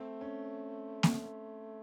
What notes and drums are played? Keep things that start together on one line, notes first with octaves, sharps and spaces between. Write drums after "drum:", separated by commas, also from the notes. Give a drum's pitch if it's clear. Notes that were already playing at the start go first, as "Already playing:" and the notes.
Already playing: A3 C4
C#4
drum: snare A#3